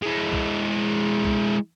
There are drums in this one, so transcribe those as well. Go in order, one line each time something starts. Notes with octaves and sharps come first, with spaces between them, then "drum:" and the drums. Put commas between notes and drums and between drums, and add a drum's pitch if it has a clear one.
G#3 E4
drum: kick C2
drum: kick C2